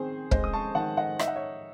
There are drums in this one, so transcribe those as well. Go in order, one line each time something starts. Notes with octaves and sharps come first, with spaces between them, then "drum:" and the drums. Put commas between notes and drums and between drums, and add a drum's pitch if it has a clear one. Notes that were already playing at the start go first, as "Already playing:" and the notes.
Already playing: D#3 C4 G#4 C5
G#3 C5 D#5, drum: kick
D#6
A5 C#6
D#3 F#5 A5
D#5 F#5
D#4 E5, drum: rim click
F#5
C#5 E5